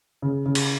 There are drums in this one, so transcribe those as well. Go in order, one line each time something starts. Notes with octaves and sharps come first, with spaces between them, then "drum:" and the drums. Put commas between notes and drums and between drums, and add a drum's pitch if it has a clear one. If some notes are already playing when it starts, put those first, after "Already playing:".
C#3
C#3
drum: cymbal